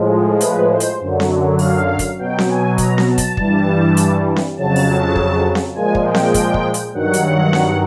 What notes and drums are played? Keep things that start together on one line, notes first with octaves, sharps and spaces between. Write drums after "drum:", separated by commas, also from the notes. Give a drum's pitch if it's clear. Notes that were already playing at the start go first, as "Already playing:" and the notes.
Already playing: A2 F3 G#3
B4, drum: hi-hat
C5
drum: hi-hat
F#2 D3 F#3
drum: snare C4
F5, drum: open hi-hat
drum: kick, hi-hat
B2 F#3 G5
drum: snare C4
G#5
A#5, drum: kick, hi-hat
drum: snare C4
A5
drum: kick, hi-hat
G2 E3 G3, drum: kick
drum: hi-hat
drum: snare C4
F2 C#3 F#3 A5
drum: open hi-hat
drum: kick
drum: snare C4
A#2 F3 G#3 G#5
drum: kick
G5
drum: snare C4
drum: kick, hi-hat
drum: kick
drum: hi-hat
G2 D#3 F#3 F#5
drum: hi-hat
drum: snare C4